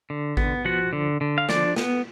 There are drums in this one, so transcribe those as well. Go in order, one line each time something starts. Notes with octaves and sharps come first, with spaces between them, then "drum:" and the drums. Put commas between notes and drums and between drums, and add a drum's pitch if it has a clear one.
D3
B3, drum: kick G#1
F3 F#4 F#5
D3
D3
F5
F3 D4 D5, drum: snare
B3, drum: snare